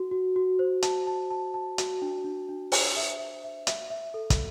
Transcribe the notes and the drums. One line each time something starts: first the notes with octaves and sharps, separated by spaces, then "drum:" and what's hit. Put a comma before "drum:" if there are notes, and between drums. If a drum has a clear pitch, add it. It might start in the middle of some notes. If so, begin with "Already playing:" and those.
Already playing: F#4
F#4
F#4
C5
A5, drum: hi-hat
A5
A5
A5
F#4, drum: hi-hat
D4
D4
D4
C5, drum: open hi-hat
E5
E5
E5
E5, drum: hi-hat
E5
A4
drum: kick, hi-hat